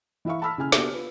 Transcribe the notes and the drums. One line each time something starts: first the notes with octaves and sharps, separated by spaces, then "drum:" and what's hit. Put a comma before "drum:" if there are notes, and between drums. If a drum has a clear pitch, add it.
E3 E4 E5 F5 C#6
A5 B5 E6 F6 B6
C#3 E4 G#5 F6
B3 D4 F#4 G4 A4, drum: snare
F4 B4